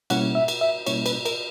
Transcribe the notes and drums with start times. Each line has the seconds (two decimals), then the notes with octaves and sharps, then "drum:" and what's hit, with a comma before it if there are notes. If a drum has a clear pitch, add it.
0.10 B2 G3 A#3 C#4 E4 F#5, drum: cymbal
0.35 E5
0.48 drum: cymbal
0.61 E5
0.87 B2 G3 A#3 C#4 E4 C#5, drum: cymbal
1.06 B4, drum: cymbal
1.25 A#4, drum: cymbal